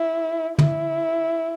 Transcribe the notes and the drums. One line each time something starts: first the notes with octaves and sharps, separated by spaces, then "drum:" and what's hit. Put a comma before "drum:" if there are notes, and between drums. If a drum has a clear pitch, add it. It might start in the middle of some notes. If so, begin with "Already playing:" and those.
Already playing: E4
E4, drum: tom